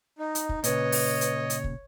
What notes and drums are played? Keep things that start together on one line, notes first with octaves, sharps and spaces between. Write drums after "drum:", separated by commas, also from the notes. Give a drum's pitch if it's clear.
D#4 D#5
drum: hi-hat
drum: kick
A#2 C#3 B4 C#5 D#5, drum: hi-hat
drum: open hi-hat
drum: hi-hat
drum: hi-hat
drum: kick